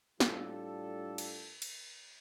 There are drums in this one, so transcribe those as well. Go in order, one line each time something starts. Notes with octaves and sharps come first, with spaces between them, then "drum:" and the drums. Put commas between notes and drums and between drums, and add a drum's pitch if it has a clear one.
A2 G3 D4 F4 G4 A4, drum: snare
drum: cymbal
drum: cymbal